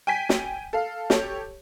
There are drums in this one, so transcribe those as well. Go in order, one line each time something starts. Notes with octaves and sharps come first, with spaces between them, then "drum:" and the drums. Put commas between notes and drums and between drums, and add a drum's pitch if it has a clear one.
G5 G#5 B6
drum: snare
A4 F5
G4 A4 C#5, drum: snare